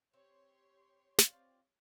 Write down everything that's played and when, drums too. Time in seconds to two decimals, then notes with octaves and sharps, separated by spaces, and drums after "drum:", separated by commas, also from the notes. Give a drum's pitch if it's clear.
0.13 C4 G4 C#5 C6
1.18 C4 F4 D5, drum: snare